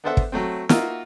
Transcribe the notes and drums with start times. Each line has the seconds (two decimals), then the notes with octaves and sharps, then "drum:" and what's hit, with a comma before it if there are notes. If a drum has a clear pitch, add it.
0.04 B3 D4 A4 C5 E5 F#5
0.17 drum: kick
0.32 F#3 A3 C4
0.69 A#3 D#4 F4 F#4 A#4 E5, drum: snare